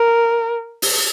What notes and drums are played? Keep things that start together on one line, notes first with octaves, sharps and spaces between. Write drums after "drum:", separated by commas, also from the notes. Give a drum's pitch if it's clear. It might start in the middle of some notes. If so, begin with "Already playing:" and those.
Already playing: A#4
drum: open hi-hat